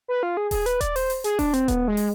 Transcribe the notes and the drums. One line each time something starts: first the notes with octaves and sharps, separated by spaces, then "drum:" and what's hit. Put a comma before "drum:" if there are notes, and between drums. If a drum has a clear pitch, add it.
B4
F4
G#4
G#4, drum: kick D#1, open hi-hat
B4, drum: hi-hat
D5, drum: kick D#1, hi-hat
C5, drum: open hi-hat
drum: open hi-hat
G#4, drum: hi-hat
D4, drum: kick D#1, open hi-hat
C4, drum: hi-hat
B3, drum: kick D#1, hi-hat
G#3
drum: open hi-hat